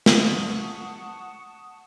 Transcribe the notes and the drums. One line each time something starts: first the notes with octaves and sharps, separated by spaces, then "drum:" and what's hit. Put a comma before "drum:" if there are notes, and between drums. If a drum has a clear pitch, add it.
F#5 A5 C#6 D#6, drum: snare